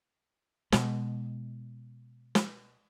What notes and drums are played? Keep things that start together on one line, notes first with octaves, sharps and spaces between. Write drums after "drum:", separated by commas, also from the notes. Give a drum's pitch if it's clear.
B2 G#3, drum: snare
drum: snare